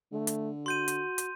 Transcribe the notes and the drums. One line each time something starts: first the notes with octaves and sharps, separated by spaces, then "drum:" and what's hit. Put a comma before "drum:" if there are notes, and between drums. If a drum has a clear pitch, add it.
D3 A3
drum: hi-hat
F#4 C6 G6 D#7
drum: hi-hat
drum: hi-hat